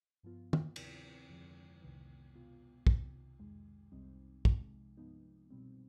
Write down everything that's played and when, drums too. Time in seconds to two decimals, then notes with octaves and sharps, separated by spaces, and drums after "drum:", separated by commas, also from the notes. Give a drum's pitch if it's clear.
0.23 G2 F3 B3 F4
0.53 drum: tom
0.76 D2 C3 D#3 G#3 C4, drum: cymbal
1.29 F2 D3 F3 G#3
1.82 C2 C3 D#3 B3
2.34 B2 B3 F4
2.87 C2 C3 D#3, drum: kick
3.40 F2 D#3 G#3
3.92 C2 C3 G3 C4 D#4
4.45 C2 C3 F3 G#3, drum: kick
4.97 G2 F3 B3 D#4
5.51 B2 G3 C4